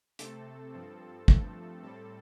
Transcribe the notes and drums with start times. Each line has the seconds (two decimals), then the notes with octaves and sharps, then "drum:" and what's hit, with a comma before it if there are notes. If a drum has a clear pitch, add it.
0.19 C3 A3 C4 A4, drum: hi-hat
0.73 G2 F3 C4
1.28 G2 F3 A3 C4, drum: kick
1.83 A2 G3 C4 A4